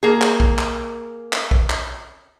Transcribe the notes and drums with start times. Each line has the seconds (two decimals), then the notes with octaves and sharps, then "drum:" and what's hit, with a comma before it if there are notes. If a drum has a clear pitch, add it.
0.03 A#3 G#4
0.21 drum: clap
0.40 drum: kick
0.58 drum: clap
1.33 drum: clap
1.51 drum: kick
1.70 drum: clap